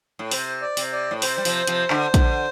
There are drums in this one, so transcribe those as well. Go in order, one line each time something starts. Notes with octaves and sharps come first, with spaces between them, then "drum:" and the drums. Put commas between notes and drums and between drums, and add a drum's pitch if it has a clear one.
A2
C3 C5, drum: open hi-hat
D5
C3, drum: open hi-hat
D5
A2
C3 C5, drum: open hi-hat
G3
C3 F3, drum: open hi-hat
C3 F3, drum: hi-hat
D3, drum: clap
D3, drum: kick, hi-hat